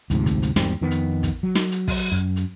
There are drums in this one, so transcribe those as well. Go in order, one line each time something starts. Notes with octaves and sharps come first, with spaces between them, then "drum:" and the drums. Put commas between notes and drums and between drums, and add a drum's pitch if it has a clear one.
D2 G#2 C3 F3, drum: hi-hat
drum: kick, hi-hat
drum: hi-hat
E2 G#2 G3 C4, drum: snare
F2 D#3 B3
drum: hi-hat
drum: kick, hi-hat
F#3
drum: snare
drum: hi-hat
drum: kick, open hi-hat
F#2
drum: hi-hat